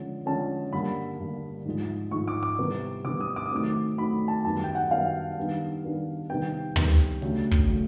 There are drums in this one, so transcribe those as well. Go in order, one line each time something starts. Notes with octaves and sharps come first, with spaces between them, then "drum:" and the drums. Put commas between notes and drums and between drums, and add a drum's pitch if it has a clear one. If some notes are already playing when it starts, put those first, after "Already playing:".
Already playing: D3 F3 G#3 C#4
D3 F3 G#3 C#4 A5
G2 D3 G3 A#3 B5
G2 D3 G3 A#3
G#2 F3 G#3
G#2 F3 G#3 C#6
D6
D6, drum: hi-hat
C3 E3 G3 B3
C3 E3 G3 B3 D6
D#6
D6
D#6
D#3 F#3 A3 C4 D6
D#3 F#3 A3 C4 B5
A5
F#2 D#3 G3 B3 A5
G5
F#5
F#2 D#3 G3 B3 F5
D#3 G3 B3 D4
D#3 G3 B3 D4
C3 D#3 G3 B3 G5
C3 D#3 G3 B3, drum: tom
C#3 F#3 A3 D4, drum: hi-hat
drum: kick
C#3 F#3 A3